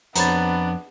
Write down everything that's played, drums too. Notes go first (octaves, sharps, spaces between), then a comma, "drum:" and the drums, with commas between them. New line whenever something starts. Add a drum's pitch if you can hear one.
F2 B3 D4 C5 C#5 A#5 B5 A6, drum: hi-hat